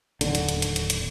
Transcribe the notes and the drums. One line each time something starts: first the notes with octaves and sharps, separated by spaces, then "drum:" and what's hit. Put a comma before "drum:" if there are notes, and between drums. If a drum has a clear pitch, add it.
D1 D#2 D3, drum: hi-hat
drum: hi-hat
drum: hi-hat
drum: hi-hat
drum: hi-hat
drum: hi-hat